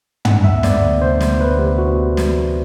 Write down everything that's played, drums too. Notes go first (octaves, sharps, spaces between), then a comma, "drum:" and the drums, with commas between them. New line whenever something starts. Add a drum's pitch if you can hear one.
B3 F#5, drum: tom
D2 E5
B3 D5, drum: snare
D2
C3 C5
D2, drum: snare
B3 B4
D2 G4
B3 F#4
D2
E3, drum: snare
D2